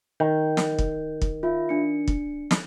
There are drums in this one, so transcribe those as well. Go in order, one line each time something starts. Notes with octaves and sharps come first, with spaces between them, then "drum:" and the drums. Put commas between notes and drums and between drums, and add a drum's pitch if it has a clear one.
D#3 G6
drum: snare
drum: kick
drum: kick
F4 E5
D4 C#7
drum: kick
drum: snare